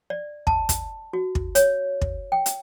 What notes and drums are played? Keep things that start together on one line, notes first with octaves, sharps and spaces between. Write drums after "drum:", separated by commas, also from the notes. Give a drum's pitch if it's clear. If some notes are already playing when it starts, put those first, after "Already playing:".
D5
A5, drum: kick
drum: kick, hi-hat
F#4
drum: kick
C#5, drum: hi-hat
drum: kick
G5
drum: hi-hat